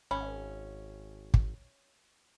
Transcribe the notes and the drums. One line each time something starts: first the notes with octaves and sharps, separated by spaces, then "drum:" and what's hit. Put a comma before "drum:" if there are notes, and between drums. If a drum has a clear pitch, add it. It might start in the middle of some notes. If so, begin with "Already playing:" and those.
G#1 C#4 B5
drum: kick